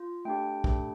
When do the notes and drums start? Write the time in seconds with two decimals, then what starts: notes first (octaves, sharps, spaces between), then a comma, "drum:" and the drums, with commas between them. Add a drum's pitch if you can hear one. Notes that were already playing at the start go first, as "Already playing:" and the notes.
Already playing: F4
0.25 A3 D4 G4 G5
0.64 A3 D4 G4, drum: kick